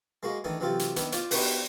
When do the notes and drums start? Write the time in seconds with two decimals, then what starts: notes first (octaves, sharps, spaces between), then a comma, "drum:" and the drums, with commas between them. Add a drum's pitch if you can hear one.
0.23 G#3 A#3 F#4 D#5
0.44 D#3 E3 A3 D4 D#4
0.60 C3 E3 F#3 F4 G4 A4
0.79 drum: hi-hat
0.96 D#3 B3 D4 E4, drum: hi-hat
1.12 F4 C5 D5, drum: hi-hat
1.31 B3 D4 D#4 F#4 G4 B4, drum: open hi-hat